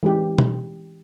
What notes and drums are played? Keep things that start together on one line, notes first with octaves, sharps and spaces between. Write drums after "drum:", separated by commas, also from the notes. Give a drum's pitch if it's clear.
E3 G#3 C#4 G4
drum: tom B2